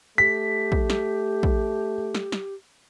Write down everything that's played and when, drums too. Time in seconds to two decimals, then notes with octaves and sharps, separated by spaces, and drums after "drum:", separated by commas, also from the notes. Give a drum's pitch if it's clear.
0.18 A3 G4 B6
0.72 drum: kick
0.90 drum: snare
1.43 drum: kick
2.15 drum: snare
2.32 drum: snare